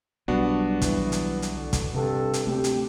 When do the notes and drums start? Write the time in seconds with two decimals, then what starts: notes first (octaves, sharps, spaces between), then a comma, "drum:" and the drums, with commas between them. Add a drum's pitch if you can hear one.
0.28 B1 F#3 G3 B3 D4 F#4
0.82 E3, drum: kick, hi-hat
1.12 drum: hi-hat
1.42 drum: hi-hat
1.54 D3
1.73 drum: kick, hi-hat
1.94 G2 C3 A4
2.33 drum: hi-hat
2.47 D2 A3 C4 G4
2.64 drum: hi-hat